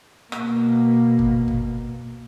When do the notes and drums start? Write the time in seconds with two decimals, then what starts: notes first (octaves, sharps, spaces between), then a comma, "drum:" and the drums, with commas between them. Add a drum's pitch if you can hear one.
0.32 B2 A#3, drum: rim click
1.19 drum: kick
1.48 drum: kick